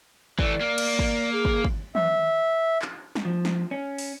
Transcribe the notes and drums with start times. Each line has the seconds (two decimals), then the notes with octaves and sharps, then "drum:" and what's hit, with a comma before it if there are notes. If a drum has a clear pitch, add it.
0.39 E3 A3 D5, drum: kick
0.60 A#3
0.78 drum: cymbal
0.99 drum: kick
1.32 G#4
1.45 drum: kick
1.64 drum: kick
1.95 E5, drum: tom
2.82 drum: clap
3.15 drum: snare
3.25 F3
3.45 drum: snare
3.71 C#4
3.98 drum: open hi-hat